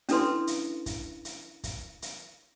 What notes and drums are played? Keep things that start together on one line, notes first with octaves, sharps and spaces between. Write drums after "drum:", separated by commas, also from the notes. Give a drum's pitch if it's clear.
C#4 D4 E4 A4 B4 C6, drum: hi-hat
drum: hi-hat
drum: kick, hi-hat
drum: hi-hat
drum: kick, hi-hat
drum: hi-hat